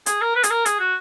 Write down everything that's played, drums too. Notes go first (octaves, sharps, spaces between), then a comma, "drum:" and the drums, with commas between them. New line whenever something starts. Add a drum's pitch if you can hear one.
G#4, drum: hi-hat
A#4
B4
G#4, drum: hi-hat
A#4
G#4, drum: hi-hat
F#4